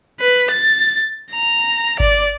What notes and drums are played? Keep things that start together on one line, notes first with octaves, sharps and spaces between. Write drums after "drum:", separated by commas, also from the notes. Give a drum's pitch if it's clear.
B4
A6
A#5
D5, drum: kick G1